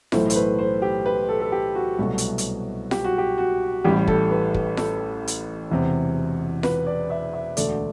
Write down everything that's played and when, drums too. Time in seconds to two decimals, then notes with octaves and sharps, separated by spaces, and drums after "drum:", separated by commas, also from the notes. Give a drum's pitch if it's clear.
0.12 B1 A2 E3 A3 C5, drum: snare F4
0.30 C5, drum: hi-hat
0.35 B4
0.59 C5
0.82 G4
1.06 B4
1.29 A4
1.41 A4
1.52 G4
1.75 F#4
1.99 C2 B2 F#3 A3
2.18 drum: hi-hat
2.38 drum: hi-hat
2.91 G4, drum: snare F4
3.04 F#4
3.18 G4
3.38 F#4
3.84 A1 A2 G3 G4
3.96 G4
4.07 A4, drum: kick
4.31 B4
4.54 G4, drum: kick
4.77 A4, drum: snare F4
5.27 drum: hi-hat
5.71 E1 E2 C3
6.63 B4, drum: snare F4
6.87 D5
7.10 E5
7.33 E5
7.57 E1 D2 D3 A3 D5, drum: hi-hat